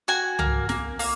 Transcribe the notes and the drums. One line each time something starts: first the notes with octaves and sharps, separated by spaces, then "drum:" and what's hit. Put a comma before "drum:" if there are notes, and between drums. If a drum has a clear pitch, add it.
F#4 G#5
A#3, drum: tom C2
A#3, drum: snare
A#3, drum: open hi-hat